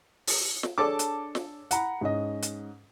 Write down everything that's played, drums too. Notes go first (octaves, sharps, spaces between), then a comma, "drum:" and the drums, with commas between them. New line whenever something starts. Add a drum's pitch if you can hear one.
drum: open hi-hat
drum: snare
D4 G#4 A4 C#5 A5 D6
drum: hi-hat
drum: snare
F#5 A#5 B5, drum: hi-hat
G#2 C#4 D#5
drum: hi-hat